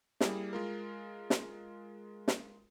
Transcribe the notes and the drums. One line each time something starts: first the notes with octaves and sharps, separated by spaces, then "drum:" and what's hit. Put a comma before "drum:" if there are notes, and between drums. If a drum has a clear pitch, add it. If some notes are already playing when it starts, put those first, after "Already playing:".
G3 A#3 E4 G#4, drum: snare
G#3 F4 A#4
drum: snare
drum: snare